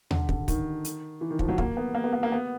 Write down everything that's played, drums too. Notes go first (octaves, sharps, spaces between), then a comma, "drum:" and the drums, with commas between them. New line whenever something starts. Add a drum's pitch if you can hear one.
D3, drum: tom D#2
D3, drum: kick
D#3, drum: kick, hi-hat
drum: hi-hat
E3
D#3
F3, drum: kick
F#3
A#3, drum: kick
B3
A#3
B3
A#3
A#3
B3